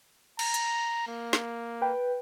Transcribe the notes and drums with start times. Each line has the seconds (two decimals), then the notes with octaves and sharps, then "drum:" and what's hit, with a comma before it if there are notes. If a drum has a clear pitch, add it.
0.39 A#5, drum: cymbal
0.54 drum: hi-hat
1.07 A#3
1.33 drum: snare
1.81 B4 G5